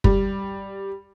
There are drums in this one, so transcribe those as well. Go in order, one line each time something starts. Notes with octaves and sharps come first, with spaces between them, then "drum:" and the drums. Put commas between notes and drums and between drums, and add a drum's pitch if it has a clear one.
G3, drum: kick